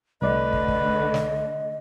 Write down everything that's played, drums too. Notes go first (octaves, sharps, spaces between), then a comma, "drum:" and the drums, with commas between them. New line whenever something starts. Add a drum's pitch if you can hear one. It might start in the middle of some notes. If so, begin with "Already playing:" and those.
C2 D3 A3 B4 D5 D#5
drum: kick
drum: kick
drum: snare